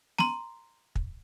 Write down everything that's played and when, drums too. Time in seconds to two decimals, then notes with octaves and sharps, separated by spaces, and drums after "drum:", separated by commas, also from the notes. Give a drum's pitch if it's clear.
0.19 A#5 C6, drum: snare
0.95 drum: kick